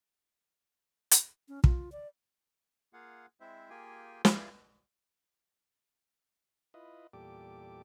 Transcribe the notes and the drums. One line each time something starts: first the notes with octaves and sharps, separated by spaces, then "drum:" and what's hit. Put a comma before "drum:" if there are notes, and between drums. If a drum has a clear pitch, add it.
drum: hi-hat
C#4
F4, drum: kick
D5
A#3 F4 G#4 F5 F#5
G#3 C4 E4 C5 E5
A#3 F4 G4 G#4 G5 G#5
E4 F4 G#4 D5 F5, drum: snare
E4 F4 B4 D#5
E2 A#2 G3 G4 A4 D6